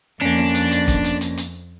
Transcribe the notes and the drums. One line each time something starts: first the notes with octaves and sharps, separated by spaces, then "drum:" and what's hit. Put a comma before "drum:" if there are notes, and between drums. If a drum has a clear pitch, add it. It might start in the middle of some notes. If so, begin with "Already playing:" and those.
F2 A#3 C#4 D4
drum: snare
drum: hi-hat
drum: hi-hat
drum: kick, hi-hat
drum: hi-hat
drum: hi-hat
drum: hi-hat